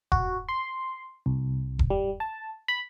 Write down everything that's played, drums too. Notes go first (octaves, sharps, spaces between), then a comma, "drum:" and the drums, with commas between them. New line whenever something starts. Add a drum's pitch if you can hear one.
F#4, drum: kick E1
C6
C2
drum: kick E1
G3
A5
B5